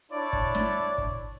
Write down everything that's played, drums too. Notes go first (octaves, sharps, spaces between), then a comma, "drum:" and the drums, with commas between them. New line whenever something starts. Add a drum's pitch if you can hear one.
D4 E4 C#5 D5 A5
drum: kick
drum: snare
drum: kick